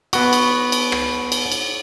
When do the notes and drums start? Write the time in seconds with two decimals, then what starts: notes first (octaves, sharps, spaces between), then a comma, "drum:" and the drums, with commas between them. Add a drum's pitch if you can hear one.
0.13 B3 F#4, drum: cymbal
0.33 drum: cymbal
0.72 drum: cymbal
0.92 drum: rim click
1.32 drum: cymbal
1.52 drum: cymbal